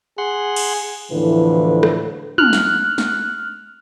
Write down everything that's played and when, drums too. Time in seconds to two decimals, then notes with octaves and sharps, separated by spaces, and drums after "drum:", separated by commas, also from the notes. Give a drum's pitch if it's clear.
0.18 G#4 F#5 C6
0.56 drum: cymbal
1.11 E2 A2 D3 E3 F3 B4
1.83 drum: rim click
2.38 F6 F#6, drum: tom
2.53 drum: snare
2.98 drum: snare